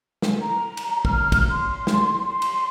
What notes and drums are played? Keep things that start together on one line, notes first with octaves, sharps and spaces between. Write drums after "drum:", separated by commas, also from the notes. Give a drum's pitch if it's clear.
drum: snare
A#5
drum: cymbal
F6, drum: kick
drum: kick, cymbal
C6
drum: snare
C6
drum: cymbal